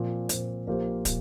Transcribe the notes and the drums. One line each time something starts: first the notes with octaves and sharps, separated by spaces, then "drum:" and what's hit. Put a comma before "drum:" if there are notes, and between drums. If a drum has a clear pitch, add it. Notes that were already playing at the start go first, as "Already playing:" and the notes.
Already playing: A#2 F3 C4
A#2 F3 C4, drum: hi-hat
A#1 A#2 A#3 G4 C5
A#2 A#3, drum: kick, hi-hat